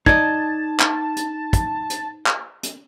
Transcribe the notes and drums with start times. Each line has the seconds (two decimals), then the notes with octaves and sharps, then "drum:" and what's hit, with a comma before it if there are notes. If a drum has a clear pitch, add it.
0.06 D#4 D5 D#5 A5 G#6, drum: kick
0.80 drum: clap
1.16 drum: hi-hat
1.53 drum: kick, hi-hat
1.90 drum: hi-hat
2.26 drum: clap
2.63 drum: hi-hat